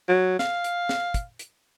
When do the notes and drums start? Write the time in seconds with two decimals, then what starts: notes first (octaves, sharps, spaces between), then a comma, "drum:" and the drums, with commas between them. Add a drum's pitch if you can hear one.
0.09 F#3
0.39 F5, drum: snare
0.64 drum: hi-hat
0.89 drum: snare
1.14 drum: kick, hi-hat
1.39 drum: hi-hat